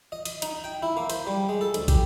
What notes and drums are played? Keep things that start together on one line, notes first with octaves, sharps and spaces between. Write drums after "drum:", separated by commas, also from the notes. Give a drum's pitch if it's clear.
D#5
D#6, drum: cymbal
D#4, drum: cymbal
G5
E4
A#3
C5, drum: cymbal
G3
G#3
A4
D2, drum: cymbal
G4, drum: kick, cymbal